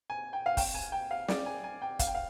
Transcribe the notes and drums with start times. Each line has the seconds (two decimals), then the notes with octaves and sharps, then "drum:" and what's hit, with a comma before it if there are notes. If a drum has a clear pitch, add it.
0.10 G#5
0.33 G5
0.46 F5
0.57 G5, drum: kick, open hi-hat
0.74 G#5
0.92 G5
1.11 F5
1.28 D5, drum: snare
1.46 G#5
1.64 G#5
1.82 G5
1.99 F5, drum: kick, hi-hat
2.07 G5
2.15 F5